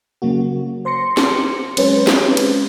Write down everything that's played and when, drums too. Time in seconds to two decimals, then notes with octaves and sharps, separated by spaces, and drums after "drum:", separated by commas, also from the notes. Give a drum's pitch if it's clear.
0.22 C#3 F#3 A#3 F#4
0.85 C5 C6 A#6 C#7
1.17 drum: snare
1.77 F#3 G#3 C4 C#4 B4 C5, drum: cymbal
2.07 drum: snare
2.37 drum: cymbal